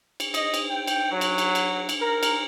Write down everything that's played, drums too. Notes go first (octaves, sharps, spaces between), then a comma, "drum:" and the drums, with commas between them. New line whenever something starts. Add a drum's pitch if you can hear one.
drum: cymbal
D#5, drum: cymbal
drum: cymbal
G5
drum: cymbal
F#3
drum: cymbal
drum: cymbal
drum: cymbal
drum: cymbal
A#4
drum: cymbal